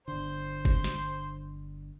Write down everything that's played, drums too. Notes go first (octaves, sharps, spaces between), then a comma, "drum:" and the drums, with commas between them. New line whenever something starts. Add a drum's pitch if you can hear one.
G1 D3 C5
drum: kick F#1
drum: snare